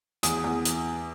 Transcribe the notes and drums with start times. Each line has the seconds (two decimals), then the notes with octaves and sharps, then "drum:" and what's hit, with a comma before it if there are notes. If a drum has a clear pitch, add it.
0.23 E2 D#6, drum: hi-hat
0.44 E2
0.65 drum: hi-hat